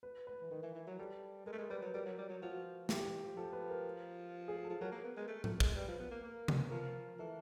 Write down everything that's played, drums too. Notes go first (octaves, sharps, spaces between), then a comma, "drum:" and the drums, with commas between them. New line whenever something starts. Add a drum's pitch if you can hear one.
B4
B4
E3
D#3 A#4
E3
E3
F#3
G3 A4
G#3 A#4
A3
G#3
G3 B4
F#3
G3 A#4
F#3
G3
F#3
F3 F#4
E3 G4, drum: snare
E3
E3
F3
F3 A4
B4
A#4
G#4
A4
F3
F#3 A#4
A#3
B3
G#3
A3
A3, drum: tom A2
G#3, drum: kick
G3 B4
F3
B3
A#3
A#3 A#4
drum: tom C3
F3 A#4
E3 A4